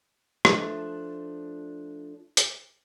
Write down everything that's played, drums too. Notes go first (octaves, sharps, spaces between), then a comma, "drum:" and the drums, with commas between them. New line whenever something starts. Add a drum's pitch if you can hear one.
F3 A3 D4, drum: rim click
drum: hi-hat